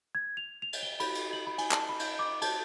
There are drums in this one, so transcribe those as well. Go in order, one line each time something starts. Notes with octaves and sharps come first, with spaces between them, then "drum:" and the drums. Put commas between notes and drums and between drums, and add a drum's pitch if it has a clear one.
G#6
F7
F7
drum: cymbal
G7
B5, drum: cymbal
drum: cymbal
F#7
B5
G#5, drum: cymbal
A5, drum: clap
B5
drum: cymbal
D6
A5, drum: cymbal